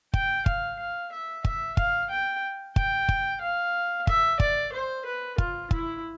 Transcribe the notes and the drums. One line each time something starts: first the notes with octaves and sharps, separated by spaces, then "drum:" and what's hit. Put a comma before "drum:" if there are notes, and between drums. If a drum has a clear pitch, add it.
G5, drum: kick
F5, drum: kick
F5
E5
E5, drum: kick
F5, drum: kick
G5
G5, drum: kick
drum: kick
F5
E5, drum: kick
D5, drum: kick
C5
B4
F4, drum: kick
E4, drum: kick